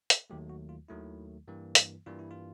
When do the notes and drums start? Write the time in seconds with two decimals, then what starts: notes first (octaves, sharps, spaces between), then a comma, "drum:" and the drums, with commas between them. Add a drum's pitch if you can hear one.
0.10 A4, drum: hi-hat
0.30 D#2 D#3 F#3 A3 G4
0.50 F#4
0.69 F4
0.88 D#2 D#3 F#3 A3 E4
1.48 G2 E3 G3 A#3
1.75 drum: hi-hat
2.06 G2 E3 G3 A#3 F4
2.19 E4
2.31 F4